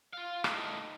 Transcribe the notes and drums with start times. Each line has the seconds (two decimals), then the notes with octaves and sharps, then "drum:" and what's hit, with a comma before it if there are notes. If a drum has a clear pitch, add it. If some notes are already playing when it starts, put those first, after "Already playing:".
0.13 F4 F5
0.44 A2 D#4, drum: rim click